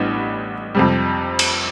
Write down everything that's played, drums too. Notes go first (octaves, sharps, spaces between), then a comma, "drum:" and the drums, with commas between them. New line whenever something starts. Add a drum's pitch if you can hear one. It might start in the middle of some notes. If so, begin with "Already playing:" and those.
Already playing: A1 A2 G3 B3 D4
F2 C3 G3
drum: cymbal